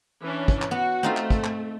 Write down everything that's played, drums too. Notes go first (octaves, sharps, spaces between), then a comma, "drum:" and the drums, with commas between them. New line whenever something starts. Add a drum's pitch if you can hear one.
E3 C#4 D4
drum: kick
drum: clap
B3 F#4
A3 C4 D#4 F4
drum: clap
drum: kick
drum: clap